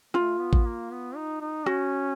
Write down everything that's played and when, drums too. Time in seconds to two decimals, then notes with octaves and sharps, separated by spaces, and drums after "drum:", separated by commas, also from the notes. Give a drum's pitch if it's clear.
0.14 A3 F4, drum: rim click
0.40 B3
0.53 drum: kick A1
0.65 A#3
0.91 B3
1.16 D#4
1.41 D#4
1.66 C#4 F#4, drum: rim click